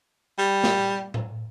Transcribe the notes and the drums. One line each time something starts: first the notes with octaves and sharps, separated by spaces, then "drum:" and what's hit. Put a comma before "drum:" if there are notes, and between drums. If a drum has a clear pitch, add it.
G3
drum: snare
drum: tom A2